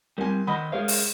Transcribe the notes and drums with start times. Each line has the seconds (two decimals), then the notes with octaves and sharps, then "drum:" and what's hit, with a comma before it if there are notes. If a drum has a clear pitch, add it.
0.18 G3 C4 A#4 G#5
0.47 D#3 C5 D#5 F#5 B5 D#6
0.72 G#3 G#4 A#4 C#5 F5
0.88 drum: open hi-hat